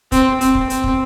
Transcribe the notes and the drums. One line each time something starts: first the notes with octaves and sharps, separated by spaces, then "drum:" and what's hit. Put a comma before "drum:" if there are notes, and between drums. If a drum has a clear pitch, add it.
C4, drum: kick, hi-hat
C4, drum: hi-hat
drum: kick
C4, drum: hi-hat
drum: kick